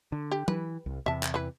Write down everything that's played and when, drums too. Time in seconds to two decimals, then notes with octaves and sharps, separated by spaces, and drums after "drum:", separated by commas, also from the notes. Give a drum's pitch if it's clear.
0.12 D3
0.32 G4
0.48 E3 B4, drum: tom F#3
0.86 C2
1.06 E2 C3 E5 A5
1.23 drum: clap
1.34 E3 B4